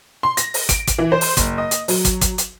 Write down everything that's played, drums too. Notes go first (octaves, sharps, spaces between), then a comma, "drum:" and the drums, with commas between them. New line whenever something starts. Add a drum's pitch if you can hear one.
C6
A#6, drum: hi-hat
drum: open hi-hat
D7, drum: kick, hi-hat
drum: kick, hi-hat
E3
C5
drum: open hi-hat
F#1, drum: kick, hi-hat
D#5
drum: hi-hat
F#3, drum: open hi-hat
drum: kick, hi-hat
drum: kick, hi-hat
drum: hi-hat